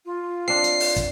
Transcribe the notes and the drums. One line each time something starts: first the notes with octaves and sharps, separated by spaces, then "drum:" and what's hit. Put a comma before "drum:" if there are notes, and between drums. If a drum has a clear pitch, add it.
F4
C4 D4 C7
drum: hi-hat
drum: open hi-hat
drum: kick, hi-hat